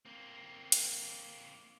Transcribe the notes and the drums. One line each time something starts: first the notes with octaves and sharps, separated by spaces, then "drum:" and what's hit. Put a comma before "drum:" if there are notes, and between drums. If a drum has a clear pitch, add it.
A#3 C4
drum: hi-hat